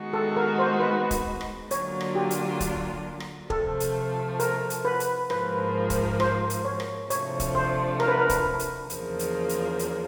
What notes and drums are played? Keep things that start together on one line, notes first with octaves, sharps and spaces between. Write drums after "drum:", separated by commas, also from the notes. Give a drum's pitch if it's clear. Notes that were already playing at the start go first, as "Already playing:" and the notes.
Already playing: D#3 G#3 B3 D#4 F#4
A4
A#4
C5
B4
drum: kick, hi-hat
drum: rim click
D3 F#3 A#3 D4 F4 C#5, drum: hi-hat
drum: rim click
G4
drum: hi-hat
drum: kick, hi-hat
drum: rim click
C3 F3 A3 A4, drum: kick
drum: hi-hat
A#4, drum: hi-hat
drum: hi-hat
B4
drum: hi-hat
G#2 F3 A#3 B4, drum: rim click
drum: kick, hi-hat
C5, drum: rim click
drum: hi-hat
C#5
drum: rim click
C3 F3 A3 D4 C#5, drum: hi-hat
drum: kick, hi-hat
C5
A#4, drum: rim click
B4
A#4
drum: kick, hi-hat
drum: hi-hat
E2 C#3 F3 A#3, drum: hi-hat
drum: hi-hat
drum: hi-hat
drum: hi-hat